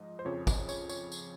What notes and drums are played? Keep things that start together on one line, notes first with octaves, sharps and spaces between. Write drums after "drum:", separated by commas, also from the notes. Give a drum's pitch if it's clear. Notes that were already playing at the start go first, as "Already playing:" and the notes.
Already playing: G#2 F3 D#5
C5
F2 C#3 F3 C#5
drum: kick, tambourine
C#5, drum: tambourine
C#5, drum: tambourine
drum: tambourine